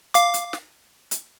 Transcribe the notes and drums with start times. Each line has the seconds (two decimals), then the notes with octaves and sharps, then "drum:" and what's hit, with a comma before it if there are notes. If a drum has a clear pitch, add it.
0.14 F5 D6, drum: hi-hat
0.34 drum: hi-hat
0.53 drum: snare
1.11 drum: hi-hat